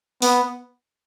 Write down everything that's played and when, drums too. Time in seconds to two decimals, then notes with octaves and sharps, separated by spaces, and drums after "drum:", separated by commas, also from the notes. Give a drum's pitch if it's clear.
0.22 B3, drum: open hi-hat